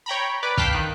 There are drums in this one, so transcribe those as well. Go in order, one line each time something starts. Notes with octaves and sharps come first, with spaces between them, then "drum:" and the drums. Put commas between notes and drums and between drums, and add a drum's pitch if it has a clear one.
C#5 G5 A#5 B5
B4 D5 D6
F5 G5 A5 B6, drum: kick
D#3 F#6